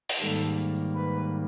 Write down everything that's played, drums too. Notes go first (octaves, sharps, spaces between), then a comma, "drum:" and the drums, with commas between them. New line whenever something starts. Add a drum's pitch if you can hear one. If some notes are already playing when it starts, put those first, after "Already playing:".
drum: open hi-hat
G#2 D#3 G3 A#3 A4
B4